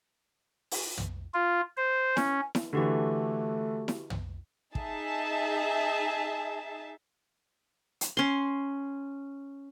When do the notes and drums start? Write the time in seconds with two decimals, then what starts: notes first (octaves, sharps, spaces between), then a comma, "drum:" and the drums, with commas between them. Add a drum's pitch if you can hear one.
0.71 drum: open hi-hat
0.98 drum: tom
1.34 F4
1.77 C5
2.17 C#4, drum: snare E4
2.55 drum: snare E4
2.73 D3 E3 A3 F#4 G4 C#6
3.88 drum: snare E4
4.10 drum: tom
4.75 D#4 G#4 E5 A5, drum: kick
8.01 drum: hi-hat
8.17 C#4 C6